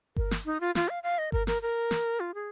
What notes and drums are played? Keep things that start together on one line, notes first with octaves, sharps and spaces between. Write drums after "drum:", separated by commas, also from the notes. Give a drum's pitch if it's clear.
A#4, drum: kick G1
drum: snare
D#4
F4
F4, drum: snare
F5
F5
D#5
A#4, drum: kick G1
A#4, drum: snare
A#4
drum: snare
F4
G#4